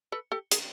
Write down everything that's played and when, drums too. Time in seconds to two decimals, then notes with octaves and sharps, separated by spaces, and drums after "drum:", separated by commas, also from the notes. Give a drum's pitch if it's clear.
0.12 A4 B4
0.32 G4 A4
0.51 G#4 A#4, drum: hi-hat